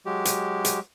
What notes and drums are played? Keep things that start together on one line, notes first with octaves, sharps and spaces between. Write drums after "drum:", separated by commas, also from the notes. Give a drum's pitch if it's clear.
F#3 G#3 G4
drum: hi-hat
drum: hi-hat